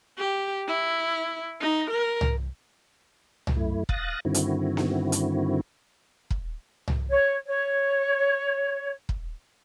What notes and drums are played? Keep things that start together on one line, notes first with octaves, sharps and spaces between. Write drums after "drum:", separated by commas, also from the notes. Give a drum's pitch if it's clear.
G4
E4
D#4
A#4
drum: tom C2
drum: tom C2
F#2 A3 E4
F5 D#6 F#6 A6 A#6, drum: kick
G2 D3 D#3 C4 E4 F#4
drum: hi-hat
drum: snare B3
drum: hi-hat
drum: kick
drum: tom C2
C#5
C#5
drum: kick